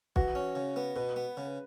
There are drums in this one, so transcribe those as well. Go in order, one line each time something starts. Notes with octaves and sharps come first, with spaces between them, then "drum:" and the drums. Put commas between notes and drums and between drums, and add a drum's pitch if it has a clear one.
E3 F#4, drum: kick B1
C#4
C#3
B3
B2 B4
B3
C#3